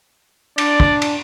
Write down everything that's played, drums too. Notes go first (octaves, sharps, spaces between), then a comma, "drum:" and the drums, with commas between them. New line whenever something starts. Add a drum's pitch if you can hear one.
D4 D5, drum: cymbal
drum: kick
drum: cymbal